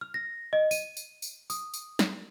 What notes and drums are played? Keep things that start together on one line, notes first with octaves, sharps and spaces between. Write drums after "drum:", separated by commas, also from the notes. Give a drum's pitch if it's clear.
F6
A#6
D#5
D#7, drum: tambourine
drum: tambourine
drum: tambourine
D#6, drum: tambourine
drum: tambourine
drum: snare